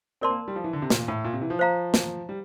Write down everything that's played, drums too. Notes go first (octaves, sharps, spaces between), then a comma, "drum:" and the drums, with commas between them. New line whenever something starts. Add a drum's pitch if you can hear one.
C4 A#4 D5 A5 C6
A#3
G3
F3
E3
D3
C3
A#2, drum: snare
A2
A#2
C3
E3
F3
C5 F5 A#5
drum: snare
G3